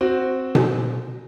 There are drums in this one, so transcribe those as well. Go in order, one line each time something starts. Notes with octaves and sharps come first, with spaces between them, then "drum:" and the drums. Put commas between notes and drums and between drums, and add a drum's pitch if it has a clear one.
C4 F#4
drum: tom B2